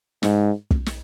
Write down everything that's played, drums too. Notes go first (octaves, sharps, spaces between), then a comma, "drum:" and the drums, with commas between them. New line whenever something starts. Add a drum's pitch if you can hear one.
G#2, drum: snare
drum: kick
drum: snare